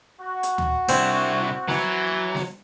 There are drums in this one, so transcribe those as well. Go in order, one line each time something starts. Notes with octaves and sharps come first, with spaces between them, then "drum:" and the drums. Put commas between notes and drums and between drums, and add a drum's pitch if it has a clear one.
F#4
drum: hi-hat
drum: tom D2
C2 C4 D4 E4, drum: hi-hat
E3 F#3, drum: snare
drum: snare